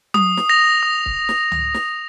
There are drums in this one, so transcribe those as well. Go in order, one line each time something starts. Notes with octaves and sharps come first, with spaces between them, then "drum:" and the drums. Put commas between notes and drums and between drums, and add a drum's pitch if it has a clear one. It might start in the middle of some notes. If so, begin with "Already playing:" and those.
D#6, drum: tom F#3
drum: snare
A#6 F7
D#6
drum: kick C#1
drum: snare
drum: tom C#2
drum: snare